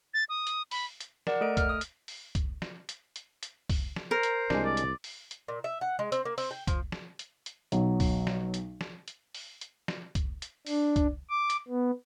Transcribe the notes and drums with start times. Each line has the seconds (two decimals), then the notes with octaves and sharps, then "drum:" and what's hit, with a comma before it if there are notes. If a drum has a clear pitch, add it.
0.14 A6
0.29 D#6
0.47 drum: hi-hat
0.71 B5, drum: open hi-hat
1.00 drum: hi-hat
1.27 A#4 D5 F#5, drum: snare
1.41 A3 A4 D#5 D7
1.57 F6, drum: kick C2, hi-hat
1.69 D#6 F6
1.81 drum: hi-hat
2.08 drum: open hi-hat
2.35 drum: kick C2, hi-hat
2.62 drum: snare
2.89 drum: hi-hat
3.16 drum: hi-hat
3.43 drum: hi-hat
3.70 drum: kick C2, open hi-hat
3.96 drum: snare
4.11 A#4 C5
4.23 drum: hi-hat
4.50 C2 G#3 D4, drum: snare
4.64 D5
4.77 drum: hi-hat
5.04 drum: open hi-hat
5.31 drum: hi-hat
5.48 A#2
5.64 E5
5.81 F#5
5.99 G#3
6.12 C4, drum: hi-hat
6.25 A#3
6.38 C4, drum: open hi-hat
6.51 G5
6.67 F3, drum: kick C2, hi-hat
6.92 drum: snare
7.19 drum: hi-hat
7.46 drum: hi-hat
7.72 B1 F#3, drum: hi-hat
8.00 drum: kick C2, open hi-hat
8.27 drum: snare
8.54 drum: hi-hat
8.81 drum: snare
9.08 drum: hi-hat
9.34 drum: open hi-hat
9.61 drum: hi-hat
9.88 drum: snare
10.15 drum: kick C2, hi-hat
10.42 drum: hi-hat
10.66 D4, drum: open hi-hat
10.96 drum: kick C2, hi-hat
11.29 D6
11.50 drum: hi-hat
11.68 B3